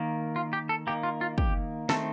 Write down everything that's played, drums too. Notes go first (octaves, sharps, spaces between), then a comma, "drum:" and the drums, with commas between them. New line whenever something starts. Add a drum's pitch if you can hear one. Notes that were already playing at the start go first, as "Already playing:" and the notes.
Already playing: D#3 A#3
F4
G4
A4
D#3 A#3 G4
F4
F4
G4, drum: kick
D#3 A3 C4 A4, drum: snare